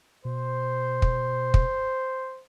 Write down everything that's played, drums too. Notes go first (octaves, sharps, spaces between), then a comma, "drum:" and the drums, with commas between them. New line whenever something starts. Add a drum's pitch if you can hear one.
B2 C5
drum: kick
drum: kick